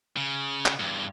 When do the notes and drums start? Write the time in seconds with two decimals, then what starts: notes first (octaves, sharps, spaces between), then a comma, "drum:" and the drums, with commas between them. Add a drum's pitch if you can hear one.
0.17 C#3
0.66 drum: clap
0.80 E2 G2